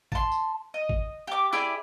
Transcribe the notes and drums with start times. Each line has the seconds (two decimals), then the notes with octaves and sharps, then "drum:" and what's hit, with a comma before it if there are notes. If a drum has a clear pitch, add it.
0.12 A5 C6, drum: kick G#1
0.32 drum: tambourine
0.74 D#5
0.89 drum: kick G#1
1.27 G4 D6
1.53 E4 G4 G#4 D5